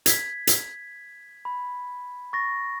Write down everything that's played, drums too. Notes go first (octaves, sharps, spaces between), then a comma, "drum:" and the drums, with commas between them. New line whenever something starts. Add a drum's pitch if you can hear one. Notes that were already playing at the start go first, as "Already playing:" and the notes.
G#6 B6, drum: hi-hat
drum: hi-hat
B5
C#6 A6 A#6